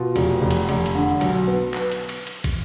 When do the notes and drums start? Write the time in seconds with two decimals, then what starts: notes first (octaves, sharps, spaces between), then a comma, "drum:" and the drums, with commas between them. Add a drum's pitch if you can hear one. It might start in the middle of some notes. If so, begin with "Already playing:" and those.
Already playing: B2 F4
0.16 F1, drum: cymbal
0.41 F1
0.50 drum: cymbal
0.69 F1, drum: cymbal
0.86 drum: cymbal
0.95 D3
1.21 B1, drum: cymbal
1.47 B3
1.74 drum: clap
1.91 drum: cymbal
2.09 drum: cymbal
2.27 drum: cymbal
2.44 drum: kick, cymbal